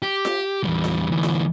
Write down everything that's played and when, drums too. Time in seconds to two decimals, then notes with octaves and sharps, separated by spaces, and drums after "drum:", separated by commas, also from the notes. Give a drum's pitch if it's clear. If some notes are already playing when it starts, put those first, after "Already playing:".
0.02 G4
0.25 drum: snare F4
0.64 E2 G3
0.84 drum: snare F4
1.10 D2 E3
1.23 drum: snare F4